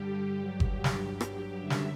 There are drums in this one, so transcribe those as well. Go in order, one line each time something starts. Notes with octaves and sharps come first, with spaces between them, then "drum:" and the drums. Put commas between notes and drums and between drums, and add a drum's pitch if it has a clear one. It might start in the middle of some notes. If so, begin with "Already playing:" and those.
Already playing: G2 D3 G3 G4
G2 F#3
drum: kick G1
drum: snare
drum: rim click
F#2 D3 G3 E5
drum: snare